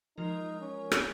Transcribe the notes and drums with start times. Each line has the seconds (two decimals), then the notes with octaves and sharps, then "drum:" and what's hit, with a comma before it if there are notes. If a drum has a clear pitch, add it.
0.18 F3 G#3 D#4 F4 A#4
0.61 C#4
0.92 drum: rim click